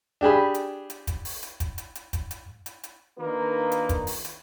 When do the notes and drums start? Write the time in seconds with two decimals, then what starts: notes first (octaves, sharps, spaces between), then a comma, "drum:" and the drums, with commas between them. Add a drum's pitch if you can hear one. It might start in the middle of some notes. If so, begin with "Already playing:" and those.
0.21 D4 G4 G#4 B5
0.54 drum: hi-hat
0.90 drum: hi-hat
1.07 drum: kick, hi-hat
1.25 drum: open hi-hat
1.43 drum: hi-hat
1.60 drum: kick, hi-hat
1.78 drum: hi-hat
1.95 drum: hi-hat
2.13 drum: kick, hi-hat
2.31 drum: hi-hat
2.66 drum: hi-hat
2.84 drum: hi-hat
3.19 D#3 A#3 D4 D#4 F4 B4
3.72 drum: hi-hat
3.89 drum: kick, hi-hat
4.07 drum: open hi-hat
4.24 drum: hi-hat